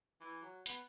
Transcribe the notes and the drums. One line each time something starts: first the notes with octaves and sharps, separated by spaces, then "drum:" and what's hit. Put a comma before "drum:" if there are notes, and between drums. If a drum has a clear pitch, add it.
E3
F#3
B3, drum: hi-hat